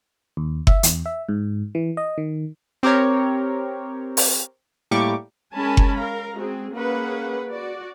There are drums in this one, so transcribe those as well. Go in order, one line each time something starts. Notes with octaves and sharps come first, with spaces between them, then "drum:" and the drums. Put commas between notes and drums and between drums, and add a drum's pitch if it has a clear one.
D#2
E5, drum: kick F#1
E2, drum: hi-hat
E5
G#2
E3
D#5
D#3
C4 G4 A#4 C#5
drum: open hi-hat
A2 G3 A#3 C#6 D6
G#3 C#4 A#4 G#5 A5 B5
drum: kick F#1
A#4 F5 A#5
G#3 C4 F#4 G#4
A#3 C#4 G#4 B4 F#5
F#4 D5